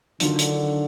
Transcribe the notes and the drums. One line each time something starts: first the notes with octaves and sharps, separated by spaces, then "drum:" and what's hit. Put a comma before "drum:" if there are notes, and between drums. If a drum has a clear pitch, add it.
D3 D#3 F#3 D4 F4, drum: hi-hat
drum: hi-hat